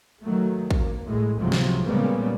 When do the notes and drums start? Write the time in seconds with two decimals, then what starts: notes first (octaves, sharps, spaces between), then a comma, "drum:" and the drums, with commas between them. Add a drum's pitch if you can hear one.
0.22 D#3 F#3 A3
0.71 A#3, drum: kick
1.04 A2 G#3
1.37 C#2 G#2 C3 F3 F#3
1.52 drum: snare
1.85 A#2 C#3 G3 G#3 A#3 B3